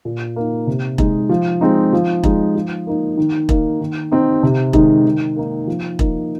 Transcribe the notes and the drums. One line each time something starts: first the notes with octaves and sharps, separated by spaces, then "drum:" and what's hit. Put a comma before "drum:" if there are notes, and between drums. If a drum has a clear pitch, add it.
A#2
A#3 D#4
C3
G#3 D#4, drum: kick E1
F3
G#3 C4 D#4
F3
G#3 D#4, drum: kick E1
F3
A#3 D#4
D#3
A#3 D#4, drum: kick E1
D#3
C4 D#4
C3
D#3 G#3 D#4, drum: kick E1
D#3
A#3 D#4
F3
A#3 D#4, drum: kick E1